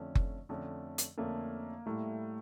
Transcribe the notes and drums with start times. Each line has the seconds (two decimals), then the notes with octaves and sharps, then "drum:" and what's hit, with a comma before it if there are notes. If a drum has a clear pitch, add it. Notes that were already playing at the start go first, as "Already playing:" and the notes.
Already playing: F2 D3 A3 C#4
0.15 drum: kick F#1
0.49 F2 D3 A3 C#4
0.98 drum: hi-hat
1.17 F2 D3 A3 A#3 C#4
1.86 A2 G3 A3 A#3 E4